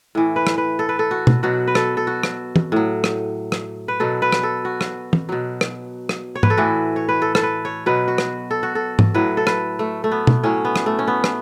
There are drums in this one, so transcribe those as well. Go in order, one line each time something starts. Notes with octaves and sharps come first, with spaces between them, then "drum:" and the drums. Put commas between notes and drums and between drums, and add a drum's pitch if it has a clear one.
A2 E3
B4
drum: rim click
B4
A4
B4
A4
F#4
drum: tom
B2 F#3 F#4
B4
A4, drum: rim click
A4
F#4
drum: rim click
drum: tom
A2 F#3
drum: rim click
drum: rim click
B4
B2 F#3 A4
B4
drum: rim click
A4
F#4
drum: rim click
drum: tom
B2 F#3
drum: rim click
drum: rim click
C#5
B4, drum: tom G#2
A4
A2 E3 F#4
C#5
B4
A4
A4, drum: rim click
B4
C#5
B2 F#3 B4
F#4
drum: rim click
A4
F#4
A4
drum: tom G#2
A2 F#3 B4
A4
B4, drum: rim click
A3
A3
B3
drum: tom
A2 F#3 C#4
B3
drum: rim click
A3
C#4
B3
drum: rim click